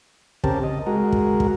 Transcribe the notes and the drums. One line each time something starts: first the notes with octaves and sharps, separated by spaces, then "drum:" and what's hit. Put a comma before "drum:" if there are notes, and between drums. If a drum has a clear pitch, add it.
C#3 C4 G4 A#4 A5, drum: kick
D#5
G#3 F#4 A#4
drum: kick
drum: kick